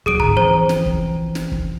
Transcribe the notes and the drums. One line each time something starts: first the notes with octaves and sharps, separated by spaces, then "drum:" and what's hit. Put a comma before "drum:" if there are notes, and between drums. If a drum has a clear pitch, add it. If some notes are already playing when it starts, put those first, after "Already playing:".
D#1 F#3 G#4 D#6 D7
G#2 D3 A#5, drum: kick
E3 F3 C4 C5 A#5
drum: snare
drum: kick
drum: snare
drum: kick